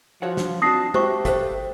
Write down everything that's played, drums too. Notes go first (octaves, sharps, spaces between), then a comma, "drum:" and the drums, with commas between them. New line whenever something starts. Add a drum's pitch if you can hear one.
F3 F#4 C#5 F#5
drum: snare
C4 D4 F#4 A5 D#6 A#6 C7
F#4 G4 C5 E5 C#6, drum: tom
A4 C5 E5 F5, drum: kick G1, hi-hat